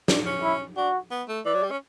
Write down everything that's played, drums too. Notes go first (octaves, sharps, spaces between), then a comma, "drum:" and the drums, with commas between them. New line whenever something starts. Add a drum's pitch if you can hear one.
D4, drum: snare
C#4
E4
D4 F#4
B3
A3
E3 D5
F#3
G3
C#4